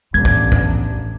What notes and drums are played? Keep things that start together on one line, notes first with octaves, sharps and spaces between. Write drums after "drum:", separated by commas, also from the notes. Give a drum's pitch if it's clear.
A1 E2 D4 G#6
drum: kick
drum: kick